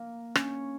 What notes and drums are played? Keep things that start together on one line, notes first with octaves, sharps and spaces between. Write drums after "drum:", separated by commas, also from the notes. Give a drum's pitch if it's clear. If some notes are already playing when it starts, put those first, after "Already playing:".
Already playing: A#3
C#4, drum: rim click